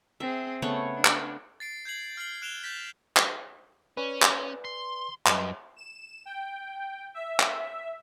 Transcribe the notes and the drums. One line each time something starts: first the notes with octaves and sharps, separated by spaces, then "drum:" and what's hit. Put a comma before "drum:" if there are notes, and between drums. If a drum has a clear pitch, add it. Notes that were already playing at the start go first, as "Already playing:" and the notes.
C4 G#4 E5
C#3 A3 B3 C#5
D4
drum: clap
A6 C7 D7
G6 G#6 C7 F#7
F6 A6 C7 F#7
F#6 D7 E7 F7 G7
G6 A6 B6
drum: clap
C#4 B4 D5 G#5
drum: clap
C6
F#2 G3 B4 D#5, drum: clap
E7
G5
E5
drum: clap